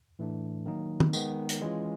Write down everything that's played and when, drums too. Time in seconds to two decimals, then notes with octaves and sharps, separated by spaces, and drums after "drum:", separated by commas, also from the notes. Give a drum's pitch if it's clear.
0.19 A2 E3 A3 D4
0.66 D#3 F#3 A#3 D#4
1.00 drum: tom
1.13 D#3 G#3 B3, drum: tambourine
1.49 drum: hi-hat
1.61 E3 G#3 C#4 F4